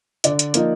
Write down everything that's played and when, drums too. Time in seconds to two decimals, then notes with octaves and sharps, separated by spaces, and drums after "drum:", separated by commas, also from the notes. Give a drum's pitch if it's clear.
0.24 D3 D5, drum: hi-hat
0.39 drum: hi-hat
0.54 F3 A#3 D#4, drum: hi-hat